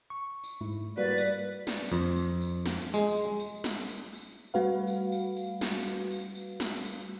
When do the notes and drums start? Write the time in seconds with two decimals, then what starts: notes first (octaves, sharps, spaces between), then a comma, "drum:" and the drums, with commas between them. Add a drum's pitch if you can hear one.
0.10 C#6
0.44 drum: tambourine
0.61 G#2 A3 E4
0.97 G3 A#3 F#4 B4 D5
1.18 drum: tambourine
1.67 drum: snare
1.92 F2, drum: tambourine
2.16 drum: tambourine
2.41 drum: tambourine
2.66 drum: snare
2.94 G#3
3.15 drum: tambourine
3.40 drum: tambourine
3.64 drum: snare
3.89 drum: tambourine
4.13 drum: tambourine
4.54 G3 A3 F#4 B4 F5
4.87 drum: tambourine
5.12 drum: tambourine
5.37 drum: tambourine
5.61 drum: snare
5.86 drum: tambourine
6.11 drum: tambourine
6.35 drum: tambourine
6.60 drum: snare
6.85 drum: tambourine